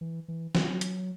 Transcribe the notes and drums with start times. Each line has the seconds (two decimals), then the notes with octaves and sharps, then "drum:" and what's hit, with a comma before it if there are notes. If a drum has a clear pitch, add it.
0.01 E3
0.28 E3
0.55 F#3, drum: snare
0.81 drum: hi-hat